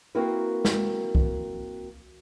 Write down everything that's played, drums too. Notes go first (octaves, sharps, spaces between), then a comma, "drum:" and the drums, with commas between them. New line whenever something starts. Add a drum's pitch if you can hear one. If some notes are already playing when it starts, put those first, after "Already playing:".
A#3 C4 E4 F#4 A#4 B4
drum: snare
drum: kick C2